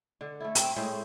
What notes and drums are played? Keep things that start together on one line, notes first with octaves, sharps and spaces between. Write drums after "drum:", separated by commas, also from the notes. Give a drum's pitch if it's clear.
D3
A3 E4
C4 E5, drum: hi-hat
A2 G#3 C4 E5